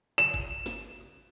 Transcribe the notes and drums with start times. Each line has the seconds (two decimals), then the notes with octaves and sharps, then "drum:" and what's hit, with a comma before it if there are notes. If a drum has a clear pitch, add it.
0.18 E7
0.34 drum: kick F#1
0.66 drum: snare